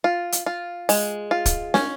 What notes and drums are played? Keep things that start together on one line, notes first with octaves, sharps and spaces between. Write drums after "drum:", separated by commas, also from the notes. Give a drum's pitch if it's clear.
F4
drum: hi-hat
F4
G#3, drum: open hi-hat
F4
drum: kick, hi-hat
C#4, drum: snare